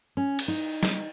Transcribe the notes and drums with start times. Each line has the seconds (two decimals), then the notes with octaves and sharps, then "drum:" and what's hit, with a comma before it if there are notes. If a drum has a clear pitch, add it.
0.17 C#4
0.39 drum: cymbal
0.48 D#4
0.83 drum: snare